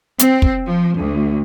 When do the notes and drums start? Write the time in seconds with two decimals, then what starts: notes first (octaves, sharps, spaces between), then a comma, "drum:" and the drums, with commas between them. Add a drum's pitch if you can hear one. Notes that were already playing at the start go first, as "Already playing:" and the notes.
0.19 C4, drum: hi-hat
0.42 drum: kick
0.67 F3
0.96 D2